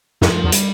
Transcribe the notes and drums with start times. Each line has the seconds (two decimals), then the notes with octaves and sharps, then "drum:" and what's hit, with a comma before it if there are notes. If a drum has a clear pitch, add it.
0.22 F2 F3, drum: snare
0.44 E2
0.52 G3, drum: hi-hat